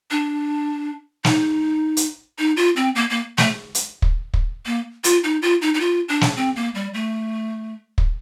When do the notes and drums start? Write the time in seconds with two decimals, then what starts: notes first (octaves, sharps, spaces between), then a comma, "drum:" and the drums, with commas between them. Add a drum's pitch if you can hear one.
0.11 D4
1.25 D#4, drum: snare
1.97 drum: hi-hat
2.38 D#4
2.57 F4
2.76 C4
2.95 A#3
3.10 A#3
3.38 A3, drum: snare
3.75 drum: hi-hat
4.02 drum: kick
4.34 drum: kick
4.66 A#3
5.04 F4, drum: hi-hat
5.24 D#4
5.42 F4
5.62 D#4
5.74 D#4
5.80 F4
6.09 D4
6.21 drum: snare
6.37 C4
6.56 A#3
6.75 G3
6.94 A3
7.98 drum: kick